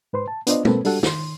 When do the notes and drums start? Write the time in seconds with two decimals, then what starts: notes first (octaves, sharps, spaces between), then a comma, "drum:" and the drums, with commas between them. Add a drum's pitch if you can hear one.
0.13 G#2 B4 C5 C6
0.28 A5
0.47 B3 D4 F4 C5 D5 D#5, drum: hi-hat
0.65 B2 A#3 C4 A4 B4, drum: tom
0.85 G3 D4 F#4 G4 A4 F#5, drum: open hi-hat
1.03 D#3 C6, drum: snare